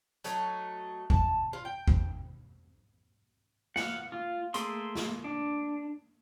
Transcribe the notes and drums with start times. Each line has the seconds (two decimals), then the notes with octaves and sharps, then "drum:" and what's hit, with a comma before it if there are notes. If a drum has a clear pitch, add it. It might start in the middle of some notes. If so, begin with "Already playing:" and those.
0.24 F#3 A3 D#4, drum: hi-hat
1.10 A5, drum: kick G#1
1.53 F4
1.65 G5
1.88 drum: kick G#1
3.76 F5 F#5, drum: snare
4.12 F4
4.54 A3 A#3 G#4 E5 C6, drum: hi-hat
4.96 drum: snare
5.24 D4